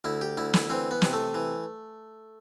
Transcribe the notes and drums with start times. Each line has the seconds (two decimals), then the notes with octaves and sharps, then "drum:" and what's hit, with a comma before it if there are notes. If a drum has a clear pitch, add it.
0.04 D2 E4
0.21 G4
0.37 D2 E4
0.54 E4, drum: snare
0.70 E3 C4
0.91 B3
1.02 C3, drum: snare
1.13 A3
1.34 E3